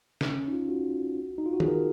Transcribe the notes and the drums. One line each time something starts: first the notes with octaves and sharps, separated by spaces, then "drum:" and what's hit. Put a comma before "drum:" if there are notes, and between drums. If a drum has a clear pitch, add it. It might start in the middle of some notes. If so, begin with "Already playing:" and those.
C#4, drum: snare
C#4
D#4
F4
F#4
D#4
F4
F#4
G#4, drum: tom
A#4